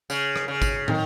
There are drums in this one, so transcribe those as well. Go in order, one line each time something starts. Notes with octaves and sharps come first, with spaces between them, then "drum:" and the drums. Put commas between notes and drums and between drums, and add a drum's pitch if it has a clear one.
C#3, drum: tambourine
drum: rim click
C#3
drum: kick G#1, tambourine
D#3, drum: tom